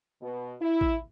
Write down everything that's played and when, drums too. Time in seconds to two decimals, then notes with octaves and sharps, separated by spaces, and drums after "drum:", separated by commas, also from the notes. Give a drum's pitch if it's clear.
0.22 B2
0.61 E4
0.81 drum: kick